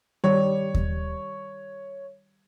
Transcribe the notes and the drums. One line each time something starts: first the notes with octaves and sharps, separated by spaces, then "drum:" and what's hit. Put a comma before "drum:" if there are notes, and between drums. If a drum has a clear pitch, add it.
D#3 G3 G4 C#5
drum: kick D#2